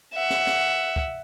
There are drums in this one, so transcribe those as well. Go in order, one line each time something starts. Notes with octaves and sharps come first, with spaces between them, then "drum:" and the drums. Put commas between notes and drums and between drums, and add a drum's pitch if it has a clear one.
E5 F#5
drum: snare
drum: snare
drum: kick